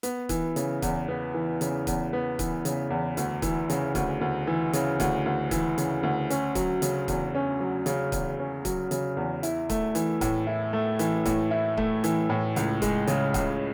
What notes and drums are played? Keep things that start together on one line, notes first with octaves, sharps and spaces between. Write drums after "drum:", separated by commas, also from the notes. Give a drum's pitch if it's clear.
B3, drum: hi-hat
E3, drum: kick C#1, hi-hat
C#3, drum: hi-hat
E2, drum: kick C#1, hi-hat
B3
E3
C#3, drum: hi-hat
E2, drum: kick C#1, hi-hat
B3
E3, drum: kick C#1, hi-hat
C#3, drum: hi-hat
E2
D2, drum: hi-hat
E3, drum: kick C#1, hi-hat
C#3, drum: hi-hat
D2, drum: kick C#1, hi-hat
D2
E3
C#3, drum: hi-hat
D2, drum: kick C#1, hi-hat
D2
E3, drum: kick C#1, hi-hat
C#3, drum: hi-hat
D2
C#4, drum: hi-hat
F#3, drum: kick C#1, hi-hat
C#3, drum: hi-hat
E2, drum: kick C#1, hi-hat
C#4
F#3
C#3, drum: hi-hat
E2, drum: kick C#1, hi-hat
C#4
F#3, drum: kick C#1, hi-hat
C#3, drum: hi-hat
E2
E4, drum: hi-hat
A3, drum: kick C#1, hi-hat
E3, drum: hi-hat
A2, drum: kick C#1, hi-hat
E4
A3
E3, drum: hi-hat
A2, drum: kick C#1, hi-hat
E4
A3, drum: kick C#1
E3, drum: hi-hat
A2
C#2, drum: hi-hat
G#3, drum: kick C#1, hi-hat
C#3, drum: hi-hat
C#2, drum: kick C#1, hi-hat